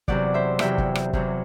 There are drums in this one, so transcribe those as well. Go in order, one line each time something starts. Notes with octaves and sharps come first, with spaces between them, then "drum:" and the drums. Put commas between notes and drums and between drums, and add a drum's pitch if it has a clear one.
E2 C3 F#3 D5 F#5, drum: kick
C5 E5
E2 C3 F#3 E5 G5, drum: rim click
drum: kick
drum: rim click
E2 C3 F#3, drum: kick